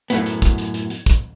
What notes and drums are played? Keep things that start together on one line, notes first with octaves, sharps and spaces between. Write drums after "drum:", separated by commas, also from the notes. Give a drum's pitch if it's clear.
F#2 A2 B3, drum: hi-hat
drum: hi-hat
drum: kick, hi-hat
drum: hi-hat
drum: hi-hat
drum: hi-hat
drum: kick, hi-hat